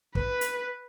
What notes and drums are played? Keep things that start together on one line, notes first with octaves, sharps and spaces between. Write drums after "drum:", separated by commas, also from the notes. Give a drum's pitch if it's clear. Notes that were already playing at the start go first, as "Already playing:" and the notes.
B4, drum: kick
drum: hi-hat